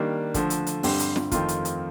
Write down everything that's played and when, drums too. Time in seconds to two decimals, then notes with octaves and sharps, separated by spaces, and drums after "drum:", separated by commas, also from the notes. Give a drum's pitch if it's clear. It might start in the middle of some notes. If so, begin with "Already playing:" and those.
Already playing: D#3 G3 A#3 D4
0.34 D3 F3 A3, drum: kick, hi-hat
0.50 drum: hi-hat
0.67 drum: hi-hat
0.83 G2 D3 G3 C4 G4, drum: open hi-hat
0.99 drum: hi-hat
1.16 drum: snare
1.31 F2 D#3 A3 C4 F4, drum: kick, hi-hat
1.48 drum: hi-hat
1.65 drum: hi-hat